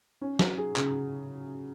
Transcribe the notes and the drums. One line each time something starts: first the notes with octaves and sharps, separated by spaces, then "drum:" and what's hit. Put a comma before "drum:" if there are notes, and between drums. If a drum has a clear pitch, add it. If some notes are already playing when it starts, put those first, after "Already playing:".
C#4
F#3, drum: snare
G#4
C#3, drum: clap